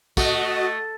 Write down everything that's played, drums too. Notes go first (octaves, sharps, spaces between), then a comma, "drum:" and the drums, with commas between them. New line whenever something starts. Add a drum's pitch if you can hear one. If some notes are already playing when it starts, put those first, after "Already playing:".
A3 F#4 D#5, drum: kick, tambourine